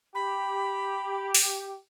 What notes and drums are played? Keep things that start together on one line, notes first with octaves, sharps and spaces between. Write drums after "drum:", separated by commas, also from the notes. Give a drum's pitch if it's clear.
G4 B5
drum: open hi-hat